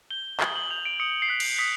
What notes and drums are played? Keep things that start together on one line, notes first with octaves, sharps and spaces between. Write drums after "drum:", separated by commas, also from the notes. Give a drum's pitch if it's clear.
G6 G7
D#6 F#7, drum: clap
F#7
G6 F7
D7
D#6 C#7
C7
F#6 B6
drum: cymbal
D#6 B6